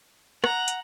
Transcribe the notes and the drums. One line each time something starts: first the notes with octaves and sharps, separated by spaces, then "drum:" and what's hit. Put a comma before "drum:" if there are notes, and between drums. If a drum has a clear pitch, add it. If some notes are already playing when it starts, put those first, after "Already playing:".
F#5 A#5, drum: rim click
drum: hi-hat